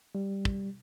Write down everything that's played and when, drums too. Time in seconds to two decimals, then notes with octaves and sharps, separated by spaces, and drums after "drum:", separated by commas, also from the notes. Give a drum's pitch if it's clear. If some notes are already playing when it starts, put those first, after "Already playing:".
0.15 G3
0.45 drum: kick